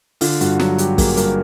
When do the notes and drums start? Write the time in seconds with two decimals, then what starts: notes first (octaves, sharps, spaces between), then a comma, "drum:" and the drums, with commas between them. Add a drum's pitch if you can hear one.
0.21 D3 F4, drum: open hi-hat
0.41 G2 F#4, drum: hi-hat
0.59 F#3 F#4, drum: snare
0.78 G2 G4, drum: hi-hat
0.98 A#3 G#4, drum: kick, open hi-hat
1.17 G2 A#4, drum: hi-hat